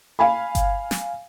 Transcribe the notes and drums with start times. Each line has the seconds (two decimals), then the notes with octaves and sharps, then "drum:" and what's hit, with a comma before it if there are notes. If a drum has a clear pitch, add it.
0.19 F5 G#5 B5
0.55 drum: kick G1, hi-hat
0.91 drum: snare